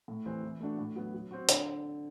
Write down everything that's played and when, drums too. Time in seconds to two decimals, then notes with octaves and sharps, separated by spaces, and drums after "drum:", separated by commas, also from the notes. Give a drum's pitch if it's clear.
0.08 A2
0.26 E3 G3 C4
0.43 E3
0.60 A3 D4 F#4
0.78 A2
0.96 F#3 B3
1.14 F#3
1.31 C4 F#4
1.49 D3, drum: hi-hat